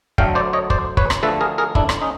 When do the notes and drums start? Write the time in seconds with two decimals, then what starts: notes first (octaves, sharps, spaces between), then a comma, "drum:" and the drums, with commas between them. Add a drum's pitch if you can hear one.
0.18 D3 F#3 A3 F5 G5, drum: kick
0.35 C5 D5
0.53 C#5 D#5
0.70 C5 D5, drum: kick
0.97 B4 C#5, drum: kick
1.10 drum: rim click
1.23 D3 F3 A3 A4 B4
1.41 G#4 A#4
1.58 G#4 A#4
1.75 D4 E4, drum: kick
1.89 drum: rim click
2.02 C#4 D#4